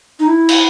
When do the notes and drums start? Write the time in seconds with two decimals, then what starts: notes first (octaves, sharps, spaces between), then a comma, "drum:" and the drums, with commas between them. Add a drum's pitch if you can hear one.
0.20 D#4
0.28 E4
0.49 drum: cymbal